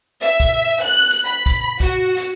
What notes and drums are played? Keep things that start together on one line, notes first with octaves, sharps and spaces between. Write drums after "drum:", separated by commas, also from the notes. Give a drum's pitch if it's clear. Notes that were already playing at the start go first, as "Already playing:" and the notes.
E5
drum: kick, hi-hat
F#6
drum: hi-hat
B5
drum: kick, hi-hat
F#4, drum: kick, hi-hat
drum: hi-hat